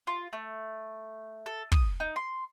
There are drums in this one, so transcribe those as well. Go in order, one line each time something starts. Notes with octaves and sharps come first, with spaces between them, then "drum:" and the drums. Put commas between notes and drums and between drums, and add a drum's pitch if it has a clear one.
F4
A3
A4
D#6, drum: kick
D#4
C6